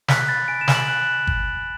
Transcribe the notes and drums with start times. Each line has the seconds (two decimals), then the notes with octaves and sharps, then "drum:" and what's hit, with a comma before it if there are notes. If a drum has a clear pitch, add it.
0.08 F#6 B6, drum: snare
0.28 B5 A6
0.48 G#5 D7
0.61 E7
0.68 G#5, drum: snare
0.74 F#7
0.88 F#6
1.27 drum: kick G1